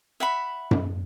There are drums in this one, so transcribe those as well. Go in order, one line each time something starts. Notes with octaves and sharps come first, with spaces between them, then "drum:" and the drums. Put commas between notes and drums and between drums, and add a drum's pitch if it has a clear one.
E5 F#5 B5
drum: tom F#2